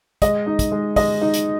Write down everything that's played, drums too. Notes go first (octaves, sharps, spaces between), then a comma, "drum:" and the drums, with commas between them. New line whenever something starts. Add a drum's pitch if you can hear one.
G#3 D#5, drum: kick, hi-hat
D#4
drum: kick, hi-hat
G#3
G#3 D#5, drum: kick, open hi-hat
D#4
drum: hi-hat